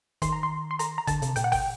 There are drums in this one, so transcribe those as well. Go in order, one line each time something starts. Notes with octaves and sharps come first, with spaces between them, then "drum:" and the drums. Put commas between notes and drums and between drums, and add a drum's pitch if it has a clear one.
D#3 C6, drum: kick, hi-hat
A#5
C6
C6
A#5, drum: hi-hat
A#5
D3 A5, drum: kick, hi-hat
C3, drum: hi-hat
A#2 G5, drum: hi-hat
F#5
G5, drum: kick, open hi-hat